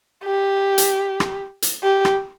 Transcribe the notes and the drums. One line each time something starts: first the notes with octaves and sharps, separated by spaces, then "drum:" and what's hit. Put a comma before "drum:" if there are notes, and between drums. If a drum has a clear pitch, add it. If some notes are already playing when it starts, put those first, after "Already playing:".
G4
drum: hi-hat
drum: rim click
drum: hi-hat
G4
drum: rim click